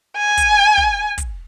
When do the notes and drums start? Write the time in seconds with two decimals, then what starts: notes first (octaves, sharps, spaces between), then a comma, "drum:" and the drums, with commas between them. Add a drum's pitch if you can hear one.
0.17 G#5
0.37 drum: kick, hi-hat
0.78 drum: kick
1.18 drum: kick, hi-hat